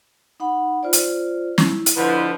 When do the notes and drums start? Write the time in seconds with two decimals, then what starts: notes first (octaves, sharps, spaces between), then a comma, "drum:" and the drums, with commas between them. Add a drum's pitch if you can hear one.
0.40 D#4 F#5 B5
0.83 F4 C5 D5
0.93 drum: hi-hat
1.58 E4, drum: snare
1.86 drum: hi-hat
1.96 D3 F3 E4 B4 D#5 C6